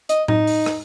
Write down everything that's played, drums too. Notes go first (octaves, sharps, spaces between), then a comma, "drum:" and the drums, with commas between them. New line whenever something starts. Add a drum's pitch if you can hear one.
D#5, drum: hi-hat
D#4, drum: tom A2
drum: open hi-hat
drum: rim click